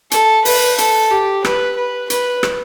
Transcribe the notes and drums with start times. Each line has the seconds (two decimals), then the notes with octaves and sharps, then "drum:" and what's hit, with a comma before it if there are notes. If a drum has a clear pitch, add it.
0.11 A4, drum: hi-hat
0.45 B4, drum: open hi-hat
0.78 A4, drum: hi-hat
1.11 G4
1.45 B4, drum: rim click
1.76 B4
2.10 B4, drum: hi-hat
2.43 drum: rim click